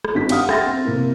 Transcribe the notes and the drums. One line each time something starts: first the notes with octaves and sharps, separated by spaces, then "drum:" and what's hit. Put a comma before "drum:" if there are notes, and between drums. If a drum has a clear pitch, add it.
drum: rim click
G#1 G2 D#4 B6
G4 F5 F#5 D#6 F6, drum: cymbal
E5 F#5 G5 C6 A6 A#6, drum: rim click
C4
C3 A#3 E4